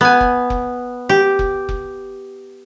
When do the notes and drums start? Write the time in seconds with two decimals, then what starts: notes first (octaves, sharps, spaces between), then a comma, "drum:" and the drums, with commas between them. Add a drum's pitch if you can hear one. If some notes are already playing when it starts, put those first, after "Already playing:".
0.01 B3 G#5
0.21 drum: kick F1
0.50 drum: kick F1
1.09 G4
1.39 drum: kick F1
1.69 drum: kick F1